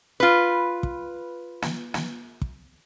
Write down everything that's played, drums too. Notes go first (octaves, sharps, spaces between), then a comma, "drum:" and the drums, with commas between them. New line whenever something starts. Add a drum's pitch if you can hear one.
F4 B4
drum: kick
drum: snare
drum: snare
drum: kick